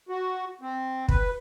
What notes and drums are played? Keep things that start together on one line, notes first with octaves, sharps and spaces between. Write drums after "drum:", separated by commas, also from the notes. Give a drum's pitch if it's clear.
F#4
C4
B4, drum: kick